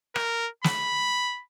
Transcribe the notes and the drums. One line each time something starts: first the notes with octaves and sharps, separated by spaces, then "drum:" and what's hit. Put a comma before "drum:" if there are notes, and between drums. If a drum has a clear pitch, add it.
A#4, drum: rim click
B5, drum: snare